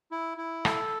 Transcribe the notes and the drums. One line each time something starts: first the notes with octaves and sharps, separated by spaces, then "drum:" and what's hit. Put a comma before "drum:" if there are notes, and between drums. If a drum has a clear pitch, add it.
E4
E4
A4, drum: rim click